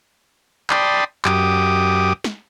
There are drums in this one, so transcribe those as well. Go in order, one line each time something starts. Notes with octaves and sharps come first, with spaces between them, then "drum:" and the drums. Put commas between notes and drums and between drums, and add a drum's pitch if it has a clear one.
D5 G5 A5 B5 C6 D#6, drum: clap
F#2 G4 D6 D#6, drum: clap
drum: snare